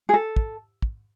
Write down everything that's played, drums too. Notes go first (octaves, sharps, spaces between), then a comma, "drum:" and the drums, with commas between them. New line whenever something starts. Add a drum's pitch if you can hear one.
G#4
A4
drum: kick
drum: kick